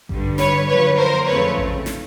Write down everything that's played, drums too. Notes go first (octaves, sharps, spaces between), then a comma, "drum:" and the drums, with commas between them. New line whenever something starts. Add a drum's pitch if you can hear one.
G2 D3 G3, drum: kick A1
B4 C#5, drum: snare
F#2 D3 F3 A#3 B4 C#5
A#4 C5
F2 C#3 F3 A3 C4 B4 C#5
drum: kick A1
drum: snare